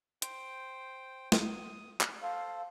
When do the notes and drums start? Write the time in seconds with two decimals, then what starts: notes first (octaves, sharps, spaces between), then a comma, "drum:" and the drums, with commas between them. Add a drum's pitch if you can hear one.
0.22 C5 G5, drum: hi-hat
1.32 D#6, drum: snare
2.01 drum: clap
2.22 A4 C5 F5